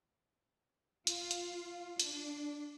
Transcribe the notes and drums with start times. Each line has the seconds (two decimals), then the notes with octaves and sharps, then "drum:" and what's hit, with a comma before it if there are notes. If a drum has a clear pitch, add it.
1.07 F4, drum: hi-hat
1.31 drum: hi-hat
2.00 D4, drum: hi-hat